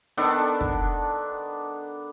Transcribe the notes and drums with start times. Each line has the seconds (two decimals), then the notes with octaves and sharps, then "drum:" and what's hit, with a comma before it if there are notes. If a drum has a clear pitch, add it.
0.17 D#3 B3 D4 A4, drum: hi-hat
0.61 drum: kick